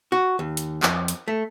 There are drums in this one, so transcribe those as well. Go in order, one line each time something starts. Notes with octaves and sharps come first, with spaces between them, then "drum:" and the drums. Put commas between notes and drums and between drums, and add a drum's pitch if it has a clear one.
F#4
D#2
drum: hi-hat
F2, drum: clap
drum: hi-hat
A3